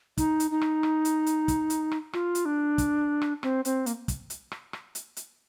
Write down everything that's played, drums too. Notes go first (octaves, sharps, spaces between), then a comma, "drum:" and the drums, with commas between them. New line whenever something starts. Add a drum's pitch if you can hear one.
D#4, drum: kick, hi-hat
drum: hi-hat
D#4
drum: rim click
drum: rim click
drum: hi-hat
drum: hi-hat
drum: kick, hi-hat
drum: hi-hat
drum: rim click
F4, drum: rim click
drum: hi-hat
D4
drum: kick, hi-hat
drum: rim click
C4, drum: rim click
C4, drum: hi-hat
A#3, drum: hi-hat
drum: kick, hi-hat
drum: hi-hat
drum: rim click
drum: rim click
drum: hi-hat
drum: hi-hat